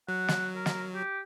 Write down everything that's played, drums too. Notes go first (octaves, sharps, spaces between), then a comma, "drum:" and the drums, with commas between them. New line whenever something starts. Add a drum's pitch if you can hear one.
F#3 F#5
drum: snare
A#4
drum: snare
G4